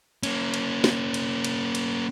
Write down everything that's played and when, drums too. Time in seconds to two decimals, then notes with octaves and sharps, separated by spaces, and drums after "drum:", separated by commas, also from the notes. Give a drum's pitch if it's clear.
0.23 A#3 C#4, drum: cymbal
0.54 drum: cymbal
0.84 drum: snare
1.14 drum: cymbal
1.44 drum: cymbal
1.75 drum: cymbal